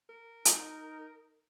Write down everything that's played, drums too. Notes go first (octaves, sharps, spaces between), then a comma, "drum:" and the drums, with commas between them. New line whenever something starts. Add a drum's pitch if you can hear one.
A#4
D#4, drum: hi-hat